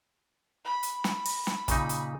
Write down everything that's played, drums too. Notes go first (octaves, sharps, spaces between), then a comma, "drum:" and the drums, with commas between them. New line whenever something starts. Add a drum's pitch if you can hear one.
B5
drum: hi-hat
drum: snare
drum: open hi-hat
drum: snare
A#2 C#3 D#4, drum: kick, hi-hat
drum: hi-hat